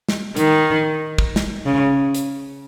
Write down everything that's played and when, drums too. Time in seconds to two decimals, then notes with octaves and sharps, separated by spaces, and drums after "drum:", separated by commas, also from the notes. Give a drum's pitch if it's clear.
0.09 drum: snare
0.36 D#3, drum: hi-hat
1.18 drum: kick
1.36 drum: snare
1.66 C#3
2.14 drum: hi-hat